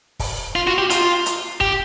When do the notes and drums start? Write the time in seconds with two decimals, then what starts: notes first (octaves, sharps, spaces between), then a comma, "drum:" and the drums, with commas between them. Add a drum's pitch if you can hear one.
0.19 drum: kick, open hi-hat
0.56 F4
0.67 F#4
0.78 G4
0.90 F4, drum: hi-hat
1.26 drum: hi-hat
1.61 G4, drum: kick